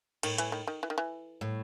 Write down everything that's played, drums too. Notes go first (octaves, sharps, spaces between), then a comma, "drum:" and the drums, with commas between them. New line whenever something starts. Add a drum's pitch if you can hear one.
A2 D#3, drum: cymbal
E3, drum: hi-hat
D#3
D#3
E3
D#3
E3
A2